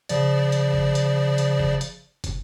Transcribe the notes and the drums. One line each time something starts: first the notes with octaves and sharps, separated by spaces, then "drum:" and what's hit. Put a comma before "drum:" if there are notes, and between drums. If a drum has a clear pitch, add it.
C#3 F3 D5, drum: hi-hat
drum: hi-hat
drum: kick
drum: hi-hat
drum: hi-hat
drum: kick
drum: hi-hat
drum: kick, hi-hat